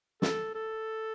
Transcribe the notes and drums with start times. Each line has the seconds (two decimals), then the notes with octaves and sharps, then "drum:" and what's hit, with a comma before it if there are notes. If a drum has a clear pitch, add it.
0.22 A4, drum: snare
0.55 A4